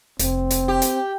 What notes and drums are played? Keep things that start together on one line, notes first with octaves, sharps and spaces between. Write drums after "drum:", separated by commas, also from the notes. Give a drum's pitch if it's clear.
F1 C4, drum: hi-hat
drum: hi-hat
G4
drum: hi-hat